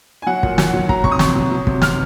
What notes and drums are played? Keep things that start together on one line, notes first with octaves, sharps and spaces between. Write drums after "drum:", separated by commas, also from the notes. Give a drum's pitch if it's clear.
G#5
F#3 F#5
A#2, drum: kick
F#3, drum: snare
F#3
F#3 A#5, drum: kick
C3 C#6, drum: kick
D#6
C3 C#6, drum: snare
F#3
F#3
C3, drum: kick
C3 F6, drum: snare